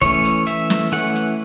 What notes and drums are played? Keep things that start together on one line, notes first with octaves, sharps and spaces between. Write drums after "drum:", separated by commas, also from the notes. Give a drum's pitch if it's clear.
E3 A3 C#4 C#5, drum: kick, hi-hat
drum: hi-hat
E5, drum: hi-hat
drum: snare
E3 A3 C#4 F#5, drum: hi-hat
drum: hi-hat